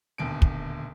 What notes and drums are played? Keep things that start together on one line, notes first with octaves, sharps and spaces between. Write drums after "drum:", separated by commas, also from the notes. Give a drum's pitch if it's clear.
D#1 D2 B2 D7
drum: kick